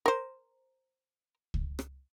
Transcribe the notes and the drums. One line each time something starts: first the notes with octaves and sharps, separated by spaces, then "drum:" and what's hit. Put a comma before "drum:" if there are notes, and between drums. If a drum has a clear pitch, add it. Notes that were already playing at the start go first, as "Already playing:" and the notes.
A#4 C5
drum: kick C#2
drum: rim click